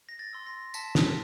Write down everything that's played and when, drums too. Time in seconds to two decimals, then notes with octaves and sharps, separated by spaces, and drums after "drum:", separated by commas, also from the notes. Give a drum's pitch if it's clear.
0.09 A#6
0.19 A6
0.33 C6 E6
0.47 A#6
0.74 A5 B6, drum: tambourine
0.95 drum: snare